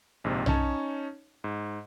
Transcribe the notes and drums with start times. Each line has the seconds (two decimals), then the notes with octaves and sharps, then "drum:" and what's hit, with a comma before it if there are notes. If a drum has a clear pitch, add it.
0.24 A#1 G#2 C3
0.46 C#4 D#4 C#5 A5, drum: tom B1
1.44 G#2